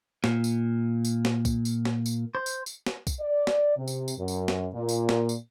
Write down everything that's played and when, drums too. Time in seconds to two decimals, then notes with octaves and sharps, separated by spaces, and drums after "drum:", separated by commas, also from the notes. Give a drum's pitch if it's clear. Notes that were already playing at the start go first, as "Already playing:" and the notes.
0.24 A#2, drum: snare
0.44 drum: tambourine
1.05 drum: tambourine
1.25 drum: snare
1.45 drum: kick, tambourine
1.65 drum: tambourine
1.85 drum: snare
2.06 drum: tambourine
2.35 C5
2.46 drum: tambourine
2.66 drum: tambourine
2.87 drum: snare
3.07 drum: kick, tambourine
3.21 D5
3.47 drum: snare
3.76 C3
3.88 drum: tambourine
4.08 drum: tambourine
4.18 F#2
4.28 drum: tambourine
4.48 drum: snare
4.73 A#2
4.89 drum: tambourine
5.09 drum: snare
5.29 drum: tambourine